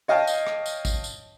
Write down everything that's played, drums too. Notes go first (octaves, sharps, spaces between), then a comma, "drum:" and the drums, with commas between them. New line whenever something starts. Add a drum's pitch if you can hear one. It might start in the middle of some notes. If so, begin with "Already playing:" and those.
C#5 D#5 F5 G5 A5
drum: tambourine
drum: rim click
drum: tambourine
drum: kick A1, tambourine
drum: tambourine